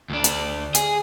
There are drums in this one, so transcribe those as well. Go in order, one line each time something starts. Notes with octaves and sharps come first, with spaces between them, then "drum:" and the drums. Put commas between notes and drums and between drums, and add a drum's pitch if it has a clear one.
D2 D4
drum: hi-hat
G#4, drum: hi-hat